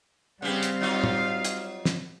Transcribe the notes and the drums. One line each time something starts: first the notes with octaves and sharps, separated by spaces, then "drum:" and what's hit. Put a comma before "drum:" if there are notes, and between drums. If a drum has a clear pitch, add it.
C#3 G3 B3 C4 G4 F5
drum: hi-hat
F#3 D#4 F4
drum: tom
drum: hi-hat
drum: snare